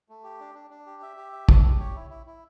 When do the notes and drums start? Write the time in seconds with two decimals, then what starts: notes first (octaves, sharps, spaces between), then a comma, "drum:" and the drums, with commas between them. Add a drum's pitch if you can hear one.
0.09 A3
0.24 G4
0.40 D4
0.55 D4
0.71 D4
0.86 G4
1.02 E5
1.17 G4
1.32 E5
1.49 D4, drum: kick
1.63 G4
1.79 C#5
1.96 E4
2.10 E4
2.26 E4